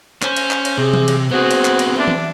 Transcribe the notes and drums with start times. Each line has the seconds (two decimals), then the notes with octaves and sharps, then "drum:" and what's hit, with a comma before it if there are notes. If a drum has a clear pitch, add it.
0.22 C#4 C5 C#5, drum: clap
0.36 drum: cymbal
0.51 drum: clap
0.65 drum: cymbal
0.78 C3 G#4
0.94 drum: tom E3
1.08 drum: cymbal
1.31 B3 C4 F#4 G#4 C5
1.51 drum: cymbal
1.65 drum: clap
1.79 drum: cymbal
1.97 D4 E5
2.08 drum: tom E3